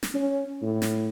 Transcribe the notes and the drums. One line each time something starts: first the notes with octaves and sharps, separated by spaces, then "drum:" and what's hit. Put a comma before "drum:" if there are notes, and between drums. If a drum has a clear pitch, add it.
drum: snare
C#4
A2
drum: snare